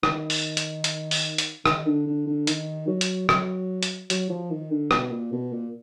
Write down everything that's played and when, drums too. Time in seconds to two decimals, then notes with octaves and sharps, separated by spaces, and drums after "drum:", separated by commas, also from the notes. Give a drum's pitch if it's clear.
0.03 D#3, drum: rim click
0.30 drum: open hi-hat
0.57 drum: hi-hat
0.84 drum: hi-hat
1.11 drum: open hi-hat
1.38 drum: hi-hat
1.66 D#3, drum: rim click
1.86 D3
2.07 D3
2.27 D3
2.47 D#3, drum: hi-hat
2.88 F#3
3.01 drum: hi-hat
3.29 F#3, drum: rim click
3.83 drum: hi-hat
4.10 F#3, drum: hi-hat
4.30 F3
4.50 D#3
4.71 D3
4.91 B2, drum: rim click
5.12 A#2
5.32 B2
5.53 A#2